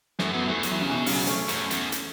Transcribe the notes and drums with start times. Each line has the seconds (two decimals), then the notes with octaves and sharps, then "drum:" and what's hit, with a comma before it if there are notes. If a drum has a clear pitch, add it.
0.19 F#2 E3 A3, drum: snare
0.33 F#2 F#3 B3
0.48 E2 E3 A3
0.63 F#3, drum: hi-hat
0.72 E3
0.81 C#3
0.90 B2 E3
1.06 C#3 F#3, drum: open hi-hat
1.27 A3 C#4, drum: hi-hat
1.49 F#2, drum: hi-hat
1.71 E2, drum: hi-hat
1.92 drum: hi-hat